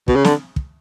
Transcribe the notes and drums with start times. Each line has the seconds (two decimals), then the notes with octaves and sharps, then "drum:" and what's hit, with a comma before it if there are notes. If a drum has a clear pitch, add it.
0.08 B2, drum: kick
0.16 C#3
0.24 D3, drum: snare
0.56 drum: kick